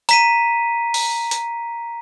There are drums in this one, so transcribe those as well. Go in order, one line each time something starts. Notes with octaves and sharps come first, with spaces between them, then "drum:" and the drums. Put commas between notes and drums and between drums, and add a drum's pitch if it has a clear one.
A#5 B6 D#7, drum: hi-hat
drum: open hi-hat
drum: hi-hat